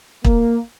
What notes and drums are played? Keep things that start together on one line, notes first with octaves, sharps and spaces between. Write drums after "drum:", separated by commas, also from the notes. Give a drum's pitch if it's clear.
A#3, drum: kick